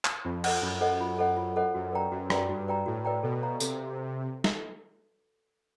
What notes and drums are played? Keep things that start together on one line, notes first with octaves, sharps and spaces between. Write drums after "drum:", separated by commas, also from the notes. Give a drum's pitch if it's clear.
drum: clap
F2 F4
A4 C5 D#5 F#5, drum: cymbal
F#2 F4
A4 C5 D#5 F#5
F4
A4 C5 D#5 F#5
F4
A4 C5 D#5 F#5
F#2 F#4
B4 D5 G5 A#5
F#2 F#4
B4 D5 G5 A#5, drum: rim click
G2 F#4
B4 D5 G5 A#5
A2 F#4
B4 D5 G5 A#5
B2 A4
C#5 F5 A#5
C3 A4, drum: tambourine
drum: snare